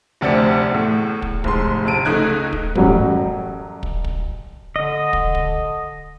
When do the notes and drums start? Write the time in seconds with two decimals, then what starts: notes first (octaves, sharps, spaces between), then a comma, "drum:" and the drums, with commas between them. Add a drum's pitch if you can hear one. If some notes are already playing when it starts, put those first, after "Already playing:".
0.21 F1 D2 C4 D5 E5 C#7
0.71 E2 A2
1.22 drum: kick
1.44 F1 G#2 C6, drum: kick
1.85 F1 D2 A5 D7 D#7
2.05 C#2 A3 D#4 F#6 G#6
2.53 drum: kick
2.75 A1 F#2 F#3 G3, drum: kick
3.83 drum: kick
4.04 drum: kick
4.76 D3 D#5
5.13 drum: kick
5.35 drum: kick